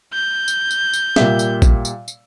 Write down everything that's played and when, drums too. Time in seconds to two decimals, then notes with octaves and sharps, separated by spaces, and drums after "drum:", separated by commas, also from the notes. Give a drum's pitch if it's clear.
0.13 G6
0.48 drum: tambourine
0.71 drum: tambourine
0.93 drum: tambourine
1.16 A#2 G3 E5, drum: snare
1.39 drum: tambourine
1.62 drum: kick, tambourine
1.85 drum: tambourine
2.08 drum: tambourine